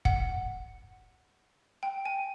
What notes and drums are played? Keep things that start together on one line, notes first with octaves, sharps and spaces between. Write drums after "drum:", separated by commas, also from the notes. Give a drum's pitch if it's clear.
F#5, drum: kick
G5
G#5